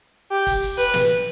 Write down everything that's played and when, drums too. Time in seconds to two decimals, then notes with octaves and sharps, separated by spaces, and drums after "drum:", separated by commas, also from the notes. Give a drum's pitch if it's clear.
0.31 G4
0.47 drum: kick, hi-hat
0.62 drum: hi-hat
0.78 B4, drum: hi-hat
0.94 drum: snare